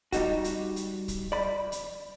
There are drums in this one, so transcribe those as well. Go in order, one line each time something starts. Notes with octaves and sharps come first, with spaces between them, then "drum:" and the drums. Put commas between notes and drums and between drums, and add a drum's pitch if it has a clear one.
G3 D#4 F#4, drum: kick, hi-hat
drum: hi-hat
drum: hi-hat
drum: kick, hi-hat
D5 B5
drum: hi-hat